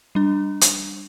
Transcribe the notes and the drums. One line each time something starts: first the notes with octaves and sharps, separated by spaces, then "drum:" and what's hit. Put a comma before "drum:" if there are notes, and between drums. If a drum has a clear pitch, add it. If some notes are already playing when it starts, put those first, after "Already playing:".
G3 D4
drum: hi-hat